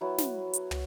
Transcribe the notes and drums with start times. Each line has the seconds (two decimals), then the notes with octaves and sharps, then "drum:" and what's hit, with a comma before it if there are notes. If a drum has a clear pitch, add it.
0.01 F#3 B3 E4
0.18 drum: snare
0.53 drum: hi-hat
0.71 drum: tom